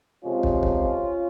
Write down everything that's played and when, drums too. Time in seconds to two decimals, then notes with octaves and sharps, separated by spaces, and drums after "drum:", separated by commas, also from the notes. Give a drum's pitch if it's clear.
0.24 F2 C3 F3 G#3 C#4 F4
0.43 drum: kick
0.63 drum: kick